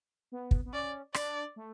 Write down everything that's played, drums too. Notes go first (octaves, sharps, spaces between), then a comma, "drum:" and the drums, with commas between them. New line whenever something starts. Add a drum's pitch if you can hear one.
B3
drum: kick
B3
C#4 D5
D4 D5, drum: rim click
A3